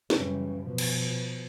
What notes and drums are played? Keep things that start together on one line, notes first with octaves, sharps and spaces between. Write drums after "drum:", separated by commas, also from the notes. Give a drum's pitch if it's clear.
F#2 C#3 E3 G3, drum: snare
B2 F3
drum: cymbal